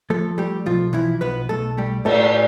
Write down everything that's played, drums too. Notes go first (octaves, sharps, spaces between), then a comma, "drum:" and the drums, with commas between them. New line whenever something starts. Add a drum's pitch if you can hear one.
F3 A3 A4
G3 A3 G4
B1 F3 F4
E3 F3 E4
B1 B3 B4
B1 A3 A4
G3 A3 G4
A2 A3 A4, drum: cymbal